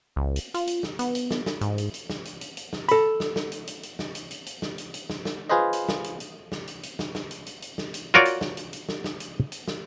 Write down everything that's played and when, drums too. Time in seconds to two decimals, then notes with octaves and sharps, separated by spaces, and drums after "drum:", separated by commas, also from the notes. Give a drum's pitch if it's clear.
0.16 C#2
0.36 drum: hi-hat
0.54 F4, drum: hi-hat
0.67 drum: hi-hat
0.83 drum: snare
0.99 B3, drum: hi-hat
1.15 drum: hi-hat
1.31 drum: snare
1.46 drum: snare
1.61 G#2, drum: hi-hat
1.78 drum: hi-hat
1.94 drum: hi-hat
2.10 drum: snare
2.25 drum: hi-hat
2.41 drum: hi-hat
2.57 drum: hi-hat
2.73 drum: snare
2.89 A4 B5, drum: hi-hat
3.20 drum: snare
3.36 drum: snare
3.52 drum: hi-hat
3.67 drum: hi-hat
3.83 drum: hi-hat
3.99 drum: snare
4.15 drum: hi-hat
4.31 drum: hi-hat
4.46 drum: hi-hat
4.62 drum: snare
4.78 drum: hi-hat
4.94 drum: hi-hat
5.10 drum: snare
5.25 drum: snare
5.49 F4 G#4 B4 C5 D#5
5.73 drum: hi-hat
5.89 drum: snare
6.04 drum: hi-hat
6.20 drum: hi-hat
6.52 drum: snare
6.68 drum: hi-hat
6.83 drum: hi-hat
6.99 drum: snare
7.15 drum: snare
7.31 drum: hi-hat
7.46 drum: hi-hat
7.62 drum: hi-hat
7.78 drum: snare
7.94 drum: hi-hat
8.14 F4 F#4 A#4 C#5 D5
8.25 drum: hi-hat
8.41 drum: snare
8.57 drum: hi-hat
8.73 drum: hi-hat
8.89 drum: snare
9.04 drum: snare
9.20 drum: hi-hat
9.52 drum: hi-hat
9.68 drum: snare